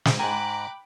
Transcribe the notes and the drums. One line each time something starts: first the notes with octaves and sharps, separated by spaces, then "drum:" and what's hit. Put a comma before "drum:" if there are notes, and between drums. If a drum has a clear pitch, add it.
drum: snare
G#2 G5 G#5 A#5 B5 D6 F#6